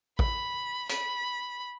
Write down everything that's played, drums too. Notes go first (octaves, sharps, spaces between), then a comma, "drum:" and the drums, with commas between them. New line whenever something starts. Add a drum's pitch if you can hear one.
B5, drum: kick
B5, drum: hi-hat